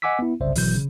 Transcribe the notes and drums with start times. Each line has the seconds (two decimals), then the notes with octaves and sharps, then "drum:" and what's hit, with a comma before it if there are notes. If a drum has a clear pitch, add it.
0.02 D#5 F#5 G#5 D6 E6 B6
0.19 B3 E4
0.40 G1 C2 C#3 C5 D5 E5
0.55 G#1 B2 E3 F#3 G6, drum: open hi-hat
0.75 C#3